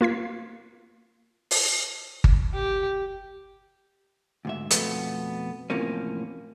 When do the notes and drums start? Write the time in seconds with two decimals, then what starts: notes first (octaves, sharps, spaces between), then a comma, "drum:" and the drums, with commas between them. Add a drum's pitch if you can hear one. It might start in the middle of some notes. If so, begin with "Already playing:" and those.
0.01 A#3 F4 G#6 B6
1.51 drum: open hi-hat
2.24 drum: kick G1
2.54 G4
4.45 D2 G#2 E5
4.71 F2 B2 A3 B3, drum: hi-hat
5.70 E2 A2 C3 F3 A#3 C#4